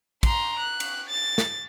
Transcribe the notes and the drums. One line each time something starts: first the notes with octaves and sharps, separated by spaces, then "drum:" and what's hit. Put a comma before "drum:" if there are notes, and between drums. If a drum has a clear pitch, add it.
A#5 C6, drum: kick, cymbal
F#6
drum: cymbal
A6
drum: snare